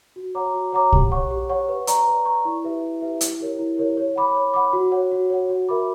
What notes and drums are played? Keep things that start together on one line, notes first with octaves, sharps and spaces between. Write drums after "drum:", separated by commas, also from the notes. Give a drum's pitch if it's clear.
F#4
C#5 F#5 A#5 D6
F#4
C#5 F#5 A#5 D6
G4, drum: kick
C#5 F#5 C#6
G4
C#5 F#5 C#6
B4
D5 A#5 C#6, drum: hi-hat
B4
D5 A#5 C#6
E4
G4 B4 E5
E4
G4 B4 E5
E4, drum: hi-hat
G4 A#4 C#5
E4
G4 A#4 C#5
C#5
F#5 B5 D6
C#5
F#5 B5 D6
F#4
C#5 F#5
F#4
C#5 F#5
F#4
A#4 E5 B5 D6